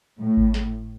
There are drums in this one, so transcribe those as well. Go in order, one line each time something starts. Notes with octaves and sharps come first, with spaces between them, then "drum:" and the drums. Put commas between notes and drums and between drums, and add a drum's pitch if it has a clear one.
A2
drum: kick G#1
drum: snare